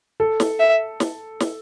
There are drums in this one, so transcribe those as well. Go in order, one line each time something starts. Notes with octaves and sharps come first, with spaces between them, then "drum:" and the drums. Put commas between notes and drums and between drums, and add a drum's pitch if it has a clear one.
A4
drum: snare
E5
drum: snare
drum: snare